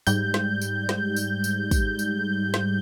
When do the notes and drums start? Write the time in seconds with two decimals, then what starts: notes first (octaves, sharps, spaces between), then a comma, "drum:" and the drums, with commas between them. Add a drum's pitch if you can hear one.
0.07 G#2 G3 G6, drum: tambourine
0.34 drum: snare
0.61 drum: tambourine
0.89 drum: snare
1.16 drum: tambourine
1.44 drum: tambourine
1.71 drum: kick, tambourine
1.99 drum: tambourine
2.54 drum: snare